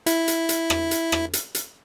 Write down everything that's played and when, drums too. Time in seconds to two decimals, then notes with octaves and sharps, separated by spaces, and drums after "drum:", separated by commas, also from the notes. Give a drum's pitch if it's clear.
0.06 E4, drum: hi-hat
0.28 drum: hi-hat
0.49 drum: hi-hat
0.70 drum: rim click
0.91 drum: hi-hat
1.12 drum: rim click
1.33 drum: hi-hat
1.55 drum: hi-hat